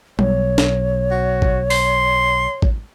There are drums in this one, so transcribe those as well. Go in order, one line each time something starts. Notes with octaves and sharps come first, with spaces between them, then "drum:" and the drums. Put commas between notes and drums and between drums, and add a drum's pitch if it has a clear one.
B1 C#5, drum: tom G3
drum: snare
F#4
drum: kick
C6, drum: open hi-hat
drum: kick